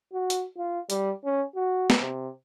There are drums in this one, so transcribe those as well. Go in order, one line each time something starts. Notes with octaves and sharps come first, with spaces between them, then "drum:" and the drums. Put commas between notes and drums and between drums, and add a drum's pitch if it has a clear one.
F#4
drum: hi-hat
F4
G3, drum: hi-hat
C#4
F#4
drum: snare
C3